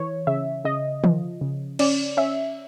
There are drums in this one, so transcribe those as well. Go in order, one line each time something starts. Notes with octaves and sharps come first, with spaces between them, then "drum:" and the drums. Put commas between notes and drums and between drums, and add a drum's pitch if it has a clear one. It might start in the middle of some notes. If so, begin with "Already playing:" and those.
Already playing: E3 C#5
C#3 E5
C#3 D#5
F3, drum: tom
C#3
C#4 D5, drum: cymbal
C#4 E5